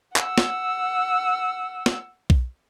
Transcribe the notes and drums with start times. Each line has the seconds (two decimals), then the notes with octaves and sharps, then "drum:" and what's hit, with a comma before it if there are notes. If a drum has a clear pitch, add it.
0.16 F#5 E6, drum: clap
0.38 drum: snare
1.86 drum: snare
2.30 drum: kick B1